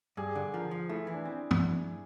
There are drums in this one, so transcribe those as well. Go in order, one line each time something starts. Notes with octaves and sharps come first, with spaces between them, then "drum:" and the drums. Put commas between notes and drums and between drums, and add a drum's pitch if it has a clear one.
G2 G#4
D3
F3 A#4
F3
A3 E4
E3
D4
C4
drum: tom